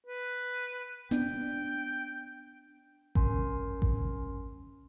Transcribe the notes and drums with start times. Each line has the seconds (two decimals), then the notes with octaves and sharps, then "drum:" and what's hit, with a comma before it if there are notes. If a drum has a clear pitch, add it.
0.07 B4
1.11 B3 D4 G5, drum: hi-hat
3.15 C#4 A#4 G#5 C6, drum: kick A1
3.82 drum: kick A1